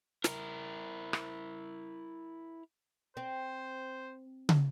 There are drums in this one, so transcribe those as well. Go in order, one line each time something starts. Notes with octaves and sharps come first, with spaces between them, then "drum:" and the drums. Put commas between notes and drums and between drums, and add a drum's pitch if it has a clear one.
E4 A#4, drum: snare
drum: rim click
C4 C5
drum: tom